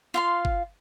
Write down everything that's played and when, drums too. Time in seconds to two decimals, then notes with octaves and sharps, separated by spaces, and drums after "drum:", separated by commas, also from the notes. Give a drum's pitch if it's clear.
0.14 F4 F5 C6
0.45 drum: kick G1